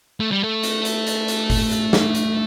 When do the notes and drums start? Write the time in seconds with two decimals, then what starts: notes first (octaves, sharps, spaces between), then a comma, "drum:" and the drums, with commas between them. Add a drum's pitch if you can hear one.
0.20 A3
0.32 G3
0.43 A3
0.63 drum: hi-hat
0.85 drum: hi-hat
1.07 drum: hi-hat
1.28 drum: hi-hat
1.50 drum: kick G1, open hi-hat
1.71 drum: hi-hat
1.93 drum: snare
2.15 drum: hi-hat